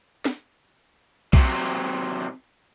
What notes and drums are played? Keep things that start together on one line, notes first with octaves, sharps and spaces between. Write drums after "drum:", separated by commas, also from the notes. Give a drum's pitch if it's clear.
drum: snare
C3 F#3, drum: kick